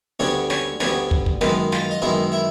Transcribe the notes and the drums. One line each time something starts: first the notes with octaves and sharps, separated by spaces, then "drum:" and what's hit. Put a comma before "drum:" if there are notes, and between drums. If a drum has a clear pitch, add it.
D2 D3 G3 B3 C#4 D4 C#5
C#4 C#5, drum: snare
D2 D3 G3 B3 C#4 D4 C#5, drum: snare
drum: kick
drum: kick
F#2 D#3 G#3 B3 B4, drum: snare
F4 F5, drum: snare
D#5
F#2 D#3 G#3 B3 E4 E5
E4 E5